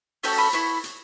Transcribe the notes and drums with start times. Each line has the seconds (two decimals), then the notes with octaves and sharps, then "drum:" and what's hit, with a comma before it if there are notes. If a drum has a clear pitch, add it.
0.23 A3 C#4 F#4 A4 G5, drum: open hi-hat
0.38 B5
0.53 B3 E4 C#6, drum: hi-hat
0.84 drum: hi-hat